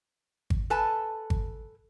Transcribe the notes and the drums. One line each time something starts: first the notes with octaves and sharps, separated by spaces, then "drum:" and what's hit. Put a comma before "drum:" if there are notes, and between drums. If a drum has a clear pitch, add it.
drum: kick G#1
A4 B4 G#5 A5
drum: kick G#1